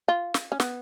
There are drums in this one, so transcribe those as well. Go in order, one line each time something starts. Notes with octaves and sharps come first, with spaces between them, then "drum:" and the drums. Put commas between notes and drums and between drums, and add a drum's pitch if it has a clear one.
F4
drum: snare
C#4
B3, drum: snare